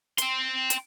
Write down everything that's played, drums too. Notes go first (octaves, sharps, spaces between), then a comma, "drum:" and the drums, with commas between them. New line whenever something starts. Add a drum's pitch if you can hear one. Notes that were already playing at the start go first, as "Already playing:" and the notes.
G5 C6, drum: hi-hat
drum: hi-hat